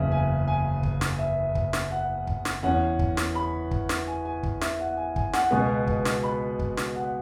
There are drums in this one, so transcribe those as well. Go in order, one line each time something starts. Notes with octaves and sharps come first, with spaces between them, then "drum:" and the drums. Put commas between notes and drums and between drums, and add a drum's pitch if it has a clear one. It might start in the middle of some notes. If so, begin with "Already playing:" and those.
Already playing: F#1 E2 C#3 E5
G#5
G#5
drum: kick
drum: snare
E5
drum: kick
drum: snare
F#5
drum: kick
drum: snare
E2 E3 C#4 F#5
drum: kick
drum: snare
B5
drum: kick
drum: snare
G#5
G#5
drum: kick
E5, drum: snare
F#5
G#5
G#5, drum: kick
F#5, drum: snare
C#2 B2 G#3 B3 G#5
drum: kick
drum: snare
B5
drum: kick
drum: snare
F#5